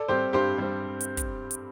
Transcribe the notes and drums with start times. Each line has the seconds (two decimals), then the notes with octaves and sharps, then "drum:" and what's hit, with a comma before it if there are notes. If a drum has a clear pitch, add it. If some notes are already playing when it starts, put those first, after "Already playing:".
Already playing: A4 D5
0.08 G3 C4 G4 C5
0.33 G2 G4 C5
0.58 G3 C4
1.01 drum: hi-hat
1.17 drum: kick, hi-hat
1.51 drum: hi-hat